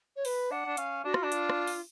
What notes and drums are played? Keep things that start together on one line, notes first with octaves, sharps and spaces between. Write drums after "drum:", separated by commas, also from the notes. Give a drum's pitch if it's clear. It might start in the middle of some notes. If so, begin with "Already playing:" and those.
C#5
B4, drum: open hi-hat
D4 F#5
D4
C#4 F5, drum: hi-hat
D4 F#4
F4, drum: rim click
D4
F4, drum: hi-hat
drum: rim click
drum: open hi-hat